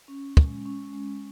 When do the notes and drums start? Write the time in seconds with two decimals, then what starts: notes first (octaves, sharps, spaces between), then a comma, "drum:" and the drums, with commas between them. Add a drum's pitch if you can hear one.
0.08 C#4
0.37 G#3, drum: kick
0.65 C#4
0.93 G#3